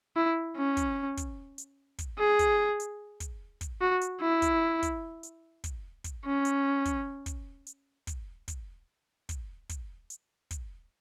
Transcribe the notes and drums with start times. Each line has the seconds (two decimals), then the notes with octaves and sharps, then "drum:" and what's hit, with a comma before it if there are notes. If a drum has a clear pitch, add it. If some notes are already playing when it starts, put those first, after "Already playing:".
0.16 E4
0.57 C#4
0.77 drum: kick, hi-hat
1.17 drum: kick, hi-hat
1.58 drum: hi-hat
1.99 drum: kick, hi-hat
2.19 G#4
2.39 drum: kick, hi-hat
2.80 drum: hi-hat
3.20 drum: kick, hi-hat
3.61 drum: kick, hi-hat
3.81 F#4
4.01 drum: hi-hat
4.21 E4
4.42 drum: kick, hi-hat
4.83 drum: kick, hi-hat
5.23 drum: hi-hat
5.64 drum: kick, hi-hat
6.04 drum: kick, hi-hat
6.25 C#4
6.45 drum: hi-hat
6.85 drum: kick, hi-hat
7.26 drum: kick, hi-hat
7.67 drum: hi-hat
8.07 drum: kick, hi-hat
8.48 drum: kick, hi-hat
9.29 drum: kick, hi-hat
9.69 drum: kick, hi-hat
10.10 drum: hi-hat
10.51 drum: kick, hi-hat